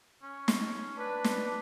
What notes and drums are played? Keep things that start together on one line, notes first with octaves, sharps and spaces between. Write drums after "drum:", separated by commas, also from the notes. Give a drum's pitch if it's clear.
C#4
drum: snare
D4 B4
drum: snare